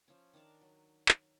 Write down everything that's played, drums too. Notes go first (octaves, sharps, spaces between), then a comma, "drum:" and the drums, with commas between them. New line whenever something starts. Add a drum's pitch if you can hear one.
F3 C#4
D#3 D4 A#4 A5
F#3
drum: clap